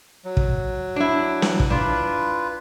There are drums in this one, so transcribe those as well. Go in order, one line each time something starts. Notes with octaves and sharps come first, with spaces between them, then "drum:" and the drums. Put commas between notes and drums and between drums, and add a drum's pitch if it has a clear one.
F#3
drum: kick
D4 E4
drum: snare
drum: kick
D4 F4 B4